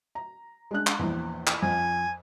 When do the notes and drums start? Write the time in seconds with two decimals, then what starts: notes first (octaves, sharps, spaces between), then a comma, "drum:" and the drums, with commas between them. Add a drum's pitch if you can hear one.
0.15 A#5
0.71 G#3 D4 F#6
0.87 drum: clap
0.99 A#1 E2
1.47 drum: clap
1.62 F2 F3 G#5